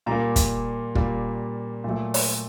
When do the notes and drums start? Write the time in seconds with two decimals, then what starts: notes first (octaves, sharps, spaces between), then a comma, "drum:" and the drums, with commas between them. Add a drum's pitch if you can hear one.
0.06 A#2 G3 A#3 A#5
0.36 drum: kick, hi-hat
0.95 A#2 G3 A#3, drum: kick
1.84 A#2 F#3 A3
2.14 drum: open hi-hat